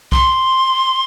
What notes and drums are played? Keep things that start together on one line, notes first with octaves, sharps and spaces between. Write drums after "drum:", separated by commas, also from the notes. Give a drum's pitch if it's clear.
C6, drum: kick